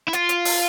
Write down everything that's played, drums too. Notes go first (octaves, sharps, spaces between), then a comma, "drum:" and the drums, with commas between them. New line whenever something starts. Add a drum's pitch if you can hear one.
E4
F4, drum: hi-hat
drum: hi-hat
drum: open hi-hat